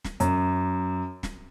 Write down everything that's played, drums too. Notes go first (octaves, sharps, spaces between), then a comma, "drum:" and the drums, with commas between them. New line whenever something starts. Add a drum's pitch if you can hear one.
drum: snare
F#2, drum: hi-hat
drum: snare